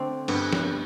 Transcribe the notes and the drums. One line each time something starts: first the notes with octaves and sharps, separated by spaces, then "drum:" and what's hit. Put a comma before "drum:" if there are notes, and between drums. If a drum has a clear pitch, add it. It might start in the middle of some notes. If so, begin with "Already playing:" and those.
Already playing: D3 A3 C4
G2 B3, drum: cymbal
drum: snare